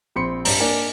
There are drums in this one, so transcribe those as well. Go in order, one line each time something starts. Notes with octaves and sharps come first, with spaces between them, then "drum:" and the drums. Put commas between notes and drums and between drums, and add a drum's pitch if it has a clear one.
A#1 C4 B5 C6 C#7
G2 G3 A#5, drum: open hi-hat
A#3 D4 A#4 D5 G#5